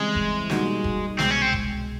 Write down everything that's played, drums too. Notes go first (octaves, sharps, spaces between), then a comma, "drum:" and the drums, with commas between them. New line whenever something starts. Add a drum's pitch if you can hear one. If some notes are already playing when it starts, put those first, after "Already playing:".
Already playing: C#3 E3 G3 G#3 C4 E4
drum: kick F1
B2 G3 A#3 D#4 F#4, drum: snare
drum: kick F1
C2 B2 G#3 C4, drum: snare
C#4
C4
drum: kick F1